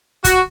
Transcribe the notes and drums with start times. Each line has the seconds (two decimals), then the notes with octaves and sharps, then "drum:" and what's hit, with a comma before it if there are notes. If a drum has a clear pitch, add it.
0.24 F#4, drum: kick, hi-hat